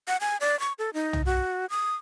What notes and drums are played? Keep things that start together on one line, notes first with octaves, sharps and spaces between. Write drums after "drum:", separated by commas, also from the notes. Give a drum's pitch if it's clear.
F#5
G#5
D5
C#6
A4
D#4
drum: tom
F#4
D#6